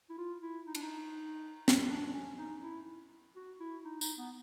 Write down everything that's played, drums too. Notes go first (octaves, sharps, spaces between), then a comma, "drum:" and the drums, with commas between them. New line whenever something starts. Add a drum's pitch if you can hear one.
E4
F4
E4
D#4
D4, drum: cymbal
D#4
drum: snare
D4
D4
C#4
D#4
E4
F#4
E4
D#4
D#4, drum: tambourine
B3